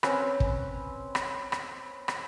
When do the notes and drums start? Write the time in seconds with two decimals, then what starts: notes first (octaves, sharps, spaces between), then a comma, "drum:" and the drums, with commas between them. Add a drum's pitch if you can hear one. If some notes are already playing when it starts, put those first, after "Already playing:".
0.03 C4 C#4 B4, drum: rim click
0.40 drum: kick
1.15 drum: rim click
1.52 drum: rim click
2.08 drum: rim click